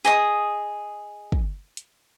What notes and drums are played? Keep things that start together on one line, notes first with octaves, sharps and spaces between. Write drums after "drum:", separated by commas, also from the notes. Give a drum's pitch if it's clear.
G#4 D#5 D#6, drum: tambourine
drum: kick
drum: hi-hat